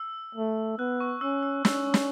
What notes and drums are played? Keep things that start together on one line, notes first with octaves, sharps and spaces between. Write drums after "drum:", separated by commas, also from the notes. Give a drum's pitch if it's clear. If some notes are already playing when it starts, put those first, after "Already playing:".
Already playing: E6
A3
B3 F#6
C#6
C#4 E6
E6
C#4 E6, drum: snare
drum: snare